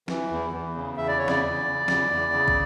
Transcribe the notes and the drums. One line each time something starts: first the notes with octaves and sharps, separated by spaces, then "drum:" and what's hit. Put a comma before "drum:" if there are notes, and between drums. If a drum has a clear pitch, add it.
E3, drum: snare
E2
E2
C#3
E2 E5
D5
C#3 C#5
D5, drum: snare
E2
C#3
E2, drum: snare
E2
C#3
drum: kick